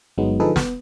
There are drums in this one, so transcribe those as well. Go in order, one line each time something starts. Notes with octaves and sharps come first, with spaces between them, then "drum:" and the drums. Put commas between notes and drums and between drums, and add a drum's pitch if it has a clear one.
G1 F#3 G#3 B3 D#4
D3 F3 D#4 G#4 A4 B4
B3, drum: snare